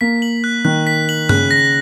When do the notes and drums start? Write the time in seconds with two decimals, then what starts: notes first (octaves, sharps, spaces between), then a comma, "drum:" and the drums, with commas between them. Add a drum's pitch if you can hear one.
0.01 A#3 B6
0.22 F#7
0.44 F#6
0.65 D#3 F#6
0.87 B6
1.09 F#7
1.29 C#3 F#6, drum: tom G2
1.51 A#6